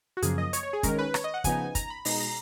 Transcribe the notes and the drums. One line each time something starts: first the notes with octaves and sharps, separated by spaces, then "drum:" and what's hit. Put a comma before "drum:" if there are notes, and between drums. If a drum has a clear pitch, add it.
F#4
F#2 C#3 F3 A#3 G#4, drum: hi-hat
D#5
C#5, drum: hi-hat
C#5
G#4
D#3 G#3 C#4 A#4, drum: kick, hi-hat
B4
C#5, drum: rim click
D#5
F#5
C#3 F3 B3 D#4 G#5, drum: kick, hi-hat
A#5, drum: kick, hi-hat
B5
B2 G#3 D#4 A#5, drum: open hi-hat
A#5